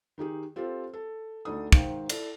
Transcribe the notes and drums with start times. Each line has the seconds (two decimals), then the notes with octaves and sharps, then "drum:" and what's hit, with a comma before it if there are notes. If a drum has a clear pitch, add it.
0.18 D#3 D#4 G4 G#4
0.56 C4 F4 G4 A4 C5
0.94 A4
1.45 D2 D4 D#4 A4 D#6
1.72 G#2 D#3 C5 F5 G5, drum: kick
2.10 E4 A4 D5, drum: cymbal